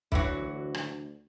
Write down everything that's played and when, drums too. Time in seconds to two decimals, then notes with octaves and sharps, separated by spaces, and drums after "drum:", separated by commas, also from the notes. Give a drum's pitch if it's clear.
0.12 D2 D3 E3 F#3 E4 F#4, drum: kick
0.74 drum: rim click